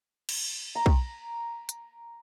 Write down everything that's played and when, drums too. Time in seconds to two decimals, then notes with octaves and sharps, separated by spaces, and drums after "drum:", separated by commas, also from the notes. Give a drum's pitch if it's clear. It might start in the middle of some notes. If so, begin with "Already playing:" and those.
0.29 drum: cymbal
0.75 A#5
0.86 drum: kick
1.69 drum: hi-hat